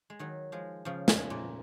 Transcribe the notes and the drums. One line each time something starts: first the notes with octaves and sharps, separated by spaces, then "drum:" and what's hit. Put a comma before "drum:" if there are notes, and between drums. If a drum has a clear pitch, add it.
G#3
D#3 F#3
F3 G#3
C#3 F3
F3 G#3, drum: snare
A#2